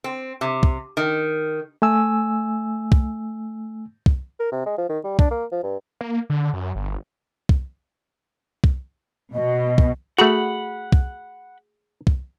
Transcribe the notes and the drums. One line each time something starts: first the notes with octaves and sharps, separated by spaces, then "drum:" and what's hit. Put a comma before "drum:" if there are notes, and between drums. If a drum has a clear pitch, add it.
C4
C3
drum: kick
D#3
A3 G#5 E6
drum: kick
drum: kick
A#4
C3
G#3
F3
D#3
G3
D4, drum: kick
A#3
F3
G2
A#3
D3
F#2
G1
drum: kick
drum: kick
B2 D#5
drum: kick
A3 F#4 G#4 F#5 B5
drum: kick
drum: kick